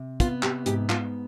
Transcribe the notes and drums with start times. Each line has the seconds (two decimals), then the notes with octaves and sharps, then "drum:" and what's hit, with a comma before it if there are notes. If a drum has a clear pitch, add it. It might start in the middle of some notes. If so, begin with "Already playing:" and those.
Already playing: C3
0.20 B3 F4, drum: kick, hi-hat
0.43 G4, drum: clap
0.66 G#2 G4, drum: hi-hat
0.89 F4, drum: clap